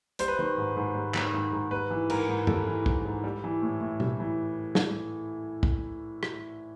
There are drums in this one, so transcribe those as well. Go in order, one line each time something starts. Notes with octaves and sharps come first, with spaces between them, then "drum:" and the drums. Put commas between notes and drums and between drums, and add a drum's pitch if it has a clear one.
G3 C5, drum: hi-hat
B4
D#3 C5
G#2
G#2
G3
D#3, drum: clap
G#2
G#2
G3 B4
E3
G#2 A#4, drum: cymbal
G#2
G3 A4, drum: tom F#2
E3
G#2, drum: kick
G#2
G3
E3
A2
A2
G3, drum: tom
E3
drum: snare
drum: kick
drum: rim click